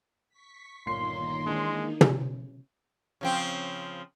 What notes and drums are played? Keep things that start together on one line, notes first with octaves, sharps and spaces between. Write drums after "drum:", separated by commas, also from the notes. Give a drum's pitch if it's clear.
C#6 B6
G1 A#2 D#3 A#3 D#4 C#5 C6 C7
E3 G#3 D4
drum: tom
C#3 F3 C4